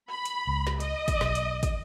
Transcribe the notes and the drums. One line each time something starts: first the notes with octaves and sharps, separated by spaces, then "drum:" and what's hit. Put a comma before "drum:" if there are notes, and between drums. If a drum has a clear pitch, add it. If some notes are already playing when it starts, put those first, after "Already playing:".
B5
drum: hi-hat
C#2
drum: snare
D#5, drum: hi-hat
drum: kick, hi-hat
B1, drum: snare
drum: hi-hat
drum: kick, hi-hat